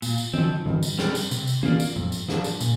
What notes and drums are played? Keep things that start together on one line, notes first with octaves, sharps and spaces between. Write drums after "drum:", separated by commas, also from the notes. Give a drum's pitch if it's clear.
A#2, drum: tambourine
drum: tambourine
F3 C4, drum: tom E3
G2, drum: tom E3
drum: tambourine
G3 C4 A#4 D5, drum: snare
drum: tambourine
C3, drum: tambourine
drum: tambourine
A#3 F4 A#4 D5, drum: tom E3
drum: tambourine
F2, drum: tom A2
drum: tambourine
F3 D4, drum: snare
drum: tambourine
A#2, drum: tambourine